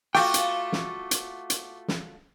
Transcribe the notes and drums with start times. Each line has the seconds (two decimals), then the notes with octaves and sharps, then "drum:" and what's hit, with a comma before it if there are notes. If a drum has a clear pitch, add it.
0.15 A3 F4 F#4 G5 C#6 D6
0.34 drum: hi-hat
0.72 drum: snare
1.11 drum: hi-hat
1.50 drum: hi-hat
1.88 drum: snare